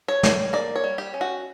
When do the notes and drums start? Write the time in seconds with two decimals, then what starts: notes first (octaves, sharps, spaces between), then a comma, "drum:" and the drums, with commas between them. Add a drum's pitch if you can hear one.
0.08 C#5
0.23 G3, drum: snare
0.53 A#3 D5
0.76 C#5
0.84 G3
0.98 G4
1.14 C#4
1.21 F#4